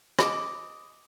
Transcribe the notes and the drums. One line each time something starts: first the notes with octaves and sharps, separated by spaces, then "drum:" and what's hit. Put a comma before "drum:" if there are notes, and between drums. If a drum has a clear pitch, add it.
D#5 D6, drum: rim click